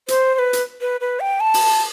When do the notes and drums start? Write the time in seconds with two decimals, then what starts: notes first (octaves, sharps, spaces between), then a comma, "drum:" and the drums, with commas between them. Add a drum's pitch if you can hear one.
0.08 C5, drum: hi-hat
0.34 C5
0.39 B4
0.53 drum: hi-hat
0.81 B4
1.01 B4
1.20 G5
1.40 A5
1.54 drum: open hi-hat